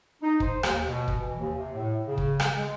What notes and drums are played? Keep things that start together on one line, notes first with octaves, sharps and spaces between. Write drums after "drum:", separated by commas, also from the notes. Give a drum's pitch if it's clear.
D#4
C5, drum: kick
D#2, drum: rim click
B2
drum: kick
E3
D#2
C3
A2
C#3
drum: kick
drum: rim click
G#3